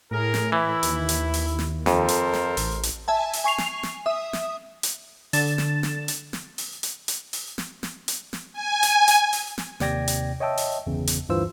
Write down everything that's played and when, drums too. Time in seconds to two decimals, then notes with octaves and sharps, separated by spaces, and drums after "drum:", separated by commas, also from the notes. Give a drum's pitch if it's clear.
0.11 A2 G#4 A#4
0.34 drum: snare
0.52 E3 E4
0.83 D#2, drum: hi-hat
1.09 drum: hi-hat
1.34 drum: open hi-hat
1.59 drum: snare
1.86 F2 A4 A#4 C5, drum: snare
2.09 drum: hi-hat
2.33 drum: snare
2.57 A1, drum: open hi-hat
2.83 drum: hi-hat
3.08 E5 G#5 A5
3.33 drum: open hi-hat
3.44 G#5 C#6 C7 F7
3.58 drum: snare
3.83 drum: snare
4.06 E5 D#6
4.33 drum: snare
4.83 drum: hi-hat
5.33 D3 A6 E7, drum: open hi-hat
5.58 drum: snare
5.83 drum: snare
6.08 drum: hi-hat
6.33 drum: snare
6.58 drum: open hi-hat
6.83 drum: hi-hat
7.08 drum: hi-hat
7.33 drum: open hi-hat
7.58 drum: snare
7.83 drum: snare
8.08 drum: hi-hat
8.33 drum: snare
8.53 G#5
8.83 drum: hi-hat
9.08 drum: hi-hat
9.33 drum: open hi-hat
9.58 drum: snare
9.80 D#2 C3 D5 G5 G#6 A#6, drum: snare
10.08 drum: hi-hat
10.40 C#5 D#5 E5 G5 A5 E6
10.57 drum: open hi-hat
10.86 G1 E2 C#3
11.07 drum: hi-hat
11.29 D2 G2 E3 F4 C5 E6